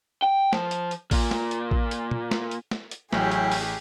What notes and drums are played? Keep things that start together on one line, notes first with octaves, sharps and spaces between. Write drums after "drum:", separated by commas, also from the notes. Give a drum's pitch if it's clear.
G5
F3, drum: snare
drum: hi-hat
drum: hi-hat
A#2, drum: kick, open hi-hat
drum: snare
drum: hi-hat
drum: kick
drum: hi-hat
drum: tom
drum: snare
drum: hi-hat
drum: snare
drum: hi-hat
A1 F#3 C#4 E4 G4 G#4 G5, drum: snare
drum: hi-hat
drum: open hi-hat